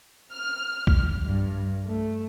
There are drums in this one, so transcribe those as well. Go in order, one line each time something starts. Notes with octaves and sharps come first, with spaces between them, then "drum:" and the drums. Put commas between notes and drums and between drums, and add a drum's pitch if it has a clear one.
F6
drum: kick B1
G2
A3